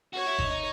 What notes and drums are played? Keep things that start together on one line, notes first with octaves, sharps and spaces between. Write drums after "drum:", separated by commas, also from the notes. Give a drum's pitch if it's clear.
F#4 C#5
E4
D#4, drum: kick G1
D#4